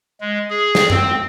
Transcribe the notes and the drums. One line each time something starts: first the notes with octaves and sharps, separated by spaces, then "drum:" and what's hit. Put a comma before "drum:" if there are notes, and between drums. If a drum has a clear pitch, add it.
G#3
G#4
drum: snare
C4, drum: tom F#2